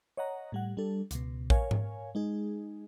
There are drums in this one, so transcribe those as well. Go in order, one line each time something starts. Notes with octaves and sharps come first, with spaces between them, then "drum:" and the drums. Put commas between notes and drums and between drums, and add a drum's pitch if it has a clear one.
C#5 D#5 F#5 A#5
A2 G3 F#5
G3 D4 A4
C#2 B2, drum: hi-hat
A#4 C#5 F5 G#5, drum: kick A#1
drum: tom G#2
G#3 D#4 G#4